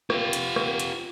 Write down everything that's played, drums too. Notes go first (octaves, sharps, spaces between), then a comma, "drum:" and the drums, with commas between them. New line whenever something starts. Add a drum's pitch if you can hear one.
F4 G4, drum: rim click
drum: hi-hat
drum: rim click
drum: hi-hat